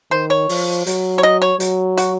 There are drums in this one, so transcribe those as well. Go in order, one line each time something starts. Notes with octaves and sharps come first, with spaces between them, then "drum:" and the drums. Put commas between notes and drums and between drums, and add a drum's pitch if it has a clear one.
D#3 C5
C#5
F3, drum: open hi-hat
F#3, drum: hi-hat
C#5
D#5
C#5
F#3, drum: hi-hat
F#4, drum: hi-hat